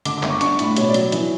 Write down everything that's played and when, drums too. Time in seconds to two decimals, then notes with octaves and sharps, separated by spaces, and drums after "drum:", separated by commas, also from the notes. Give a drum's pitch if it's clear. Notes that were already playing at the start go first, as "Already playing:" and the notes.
0.05 D3 D6, drum: hi-hat
0.18 D6
0.23 G1, drum: clap
0.29 C#6
0.41 D4 C#6, drum: hi-hat
0.59 A2 B5, drum: hi-hat
0.76 B2 C#5, drum: hi-hat
0.89 D5
0.94 F#3, drum: hi-hat
1.12 E3, drum: hi-hat